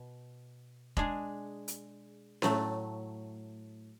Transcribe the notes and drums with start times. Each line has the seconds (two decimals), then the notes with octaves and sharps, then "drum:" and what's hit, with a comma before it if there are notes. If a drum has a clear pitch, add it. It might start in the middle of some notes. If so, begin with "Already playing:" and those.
Already playing: B2
0.97 G#3 D4 G#4, drum: kick E1
1.68 drum: hi-hat
2.42 A2 F#3 A3, drum: snare C#4